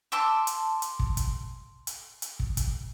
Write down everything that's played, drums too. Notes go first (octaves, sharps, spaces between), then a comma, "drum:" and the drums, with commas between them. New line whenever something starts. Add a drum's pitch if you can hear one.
A5 C6 D6 E6
drum: hi-hat
drum: hi-hat
drum: kick
drum: kick, hi-hat
drum: hi-hat
drum: hi-hat
drum: kick
drum: kick, hi-hat